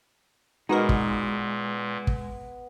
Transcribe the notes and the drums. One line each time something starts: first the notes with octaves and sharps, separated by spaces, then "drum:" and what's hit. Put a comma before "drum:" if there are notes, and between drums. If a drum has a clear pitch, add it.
A#2 G#3 B3 D#4 F#4 A#4
drum: kick
drum: kick